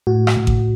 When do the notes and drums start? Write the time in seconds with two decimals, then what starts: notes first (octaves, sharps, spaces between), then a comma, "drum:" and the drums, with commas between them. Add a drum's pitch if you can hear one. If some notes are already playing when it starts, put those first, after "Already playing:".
0.07 A2 F#4
0.27 drum: rim click
0.36 A2
0.47 drum: kick A1